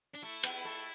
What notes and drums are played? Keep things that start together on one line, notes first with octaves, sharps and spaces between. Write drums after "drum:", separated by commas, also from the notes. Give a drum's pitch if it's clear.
D4
A3 E4 A4
B3 B4, drum: cymbal
A3 A4